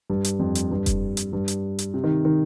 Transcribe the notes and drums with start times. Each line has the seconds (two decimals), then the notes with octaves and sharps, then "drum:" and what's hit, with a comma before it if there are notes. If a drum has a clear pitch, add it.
0.10 G2
0.24 drum: hi-hat
0.39 F2
0.55 drum: hi-hat
0.71 G2
0.86 drum: kick F1, hi-hat
1.17 drum: hi-hat
1.33 G2
1.48 drum: hi-hat
1.79 drum: hi-hat
1.94 C3
2.04 D#3
2.25 D#3